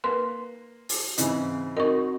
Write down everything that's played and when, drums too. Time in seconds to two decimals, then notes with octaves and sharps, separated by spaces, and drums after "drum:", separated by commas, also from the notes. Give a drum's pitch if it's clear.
0.04 A#3 B4 C6
0.89 drum: open hi-hat
1.18 G#2 C#3 E3 C4 D#5, drum: hi-hat
1.77 C4 D#4 F#4 A#4 C#6